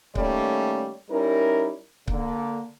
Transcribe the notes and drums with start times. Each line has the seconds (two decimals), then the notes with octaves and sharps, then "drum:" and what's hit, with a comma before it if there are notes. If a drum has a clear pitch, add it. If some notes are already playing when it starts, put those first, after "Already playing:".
0.15 D#3 G3 A3 A#3 C#4 C#5, drum: kick C#1
1.10 G3 C#4 D#4 E4 A#4
2.08 D3 A#3, drum: kick C#1